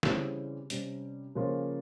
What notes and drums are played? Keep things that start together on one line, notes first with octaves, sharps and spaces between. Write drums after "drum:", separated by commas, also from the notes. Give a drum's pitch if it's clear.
C#3 E3 G3 C4, drum: snare
C3 G3 C#4, drum: hi-hat
C#3 F3 A#3 C#4 F4